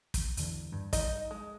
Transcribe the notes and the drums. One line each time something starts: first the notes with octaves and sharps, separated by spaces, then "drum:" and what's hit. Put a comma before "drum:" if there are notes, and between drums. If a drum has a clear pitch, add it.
drum: kick, hi-hat
E2 D3 E3, drum: hi-hat
G2
D#4 D#5, drum: kick, hi-hat
G#3